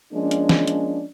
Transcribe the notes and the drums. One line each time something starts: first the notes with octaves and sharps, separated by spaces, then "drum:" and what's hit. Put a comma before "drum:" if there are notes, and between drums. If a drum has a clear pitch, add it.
F3 G#3 A#3 C#4 D4
drum: hi-hat
drum: snare
drum: hi-hat